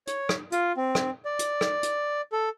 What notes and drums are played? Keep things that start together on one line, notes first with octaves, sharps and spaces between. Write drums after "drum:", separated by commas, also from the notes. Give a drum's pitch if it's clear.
C#5, drum: hi-hat
drum: rim click
F4, drum: hi-hat
C4
drum: rim click
D5
drum: hi-hat
drum: rim click
drum: hi-hat
A4